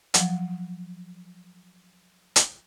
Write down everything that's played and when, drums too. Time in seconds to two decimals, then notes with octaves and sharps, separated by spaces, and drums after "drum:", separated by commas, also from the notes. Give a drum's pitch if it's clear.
0.14 F3 F#3, drum: hi-hat
2.36 drum: hi-hat